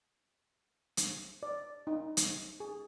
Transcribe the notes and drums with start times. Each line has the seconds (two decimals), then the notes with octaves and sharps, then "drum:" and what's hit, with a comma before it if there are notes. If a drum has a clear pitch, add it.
0.97 drum: hi-hat
1.43 D5
1.87 D#4
2.17 drum: hi-hat
2.60 G#4